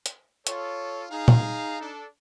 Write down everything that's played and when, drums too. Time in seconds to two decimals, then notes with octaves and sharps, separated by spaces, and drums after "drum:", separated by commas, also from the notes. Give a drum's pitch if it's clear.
0.06 drum: hi-hat
0.47 F4 A4 C#5, drum: hi-hat
1.10 D#4 G#4 F5
1.28 drum: tom A#2
1.81 D4 A4